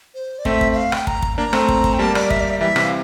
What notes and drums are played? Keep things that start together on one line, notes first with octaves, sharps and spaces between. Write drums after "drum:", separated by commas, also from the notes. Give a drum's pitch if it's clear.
C5
D5
A3 C4 E5, drum: kick
drum: kick
E5
F5
G5, drum: rim click
A#5, drum: kick
drum: kick
A#3 D4 A#5
A3 C4, drum: rim click
drum: kick
drum: kick
G5
G3 A#3 A5
D5, drum: rim click
E5, drum: kick
D5
E5
E3 G3 E5
C3 E3, drum: rim click
F5